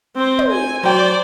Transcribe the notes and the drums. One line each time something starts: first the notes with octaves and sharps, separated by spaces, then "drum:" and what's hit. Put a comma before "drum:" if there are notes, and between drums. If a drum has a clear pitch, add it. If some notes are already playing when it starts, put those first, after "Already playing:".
C4 C5
drum: tom
G#5
F#3 C5 D5 G5